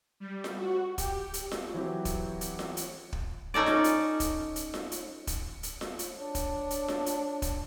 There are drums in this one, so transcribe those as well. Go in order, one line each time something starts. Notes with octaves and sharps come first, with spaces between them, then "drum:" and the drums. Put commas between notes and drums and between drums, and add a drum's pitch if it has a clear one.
G3
drum: snare F4
F#4
G4, drum: kick, hi-hat
drum: hi-hat
drum: snare F4
E3 F#3 C4 G4
drum: kick, hi-hat
drum: hi-hat
drum: snare F4
drum: hi-hat
drum: kick
C#4 D#4 A4 D5
drum: snare F4
drum: hi-hat
drum: kick, hi-hat
drum: hi-hat
drum: snare F4
drum: hi-hat
drum: kick, hi-hat
drum: hi-hat
drum: snare F4
drum: hi-hat
D4 C#5
drum: kick, hi-hat
drum: hi-hat
drum: snare F4
drum: hi-hat
drum: kick, hi-hat